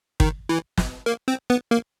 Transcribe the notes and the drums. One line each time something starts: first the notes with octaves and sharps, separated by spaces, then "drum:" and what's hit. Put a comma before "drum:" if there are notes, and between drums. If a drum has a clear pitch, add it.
D#3, drum: kick
E3
drum: snare
A#3
C4
B3
A#3